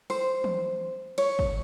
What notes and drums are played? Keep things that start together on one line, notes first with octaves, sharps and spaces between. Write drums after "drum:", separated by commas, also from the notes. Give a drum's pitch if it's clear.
C5, drum: open hi-hat
drum: tom E3
C#5, drum: cymbal
drum: kick